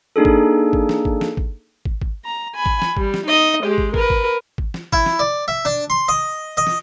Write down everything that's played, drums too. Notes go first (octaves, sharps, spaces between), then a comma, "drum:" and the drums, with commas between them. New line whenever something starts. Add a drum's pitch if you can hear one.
A#3 D4 D#4 G#4 A4
drum: kick
drum: kick
drum: snare
drum: kick
drum: snare
drum: kick
drum: kick
drum: kick
A#5
G#5 B5
drum: kick
drum: snare
G3, drum: kick
drum: snare
D#4 D#5
G#3 G4
drum: kick
A#4 B4, drum: kick
drum: kick
drum: kick
drum: snare
E4, drum: kick
drum: snare
D5
E5
D4
C6
D#5
D#5
drum: snare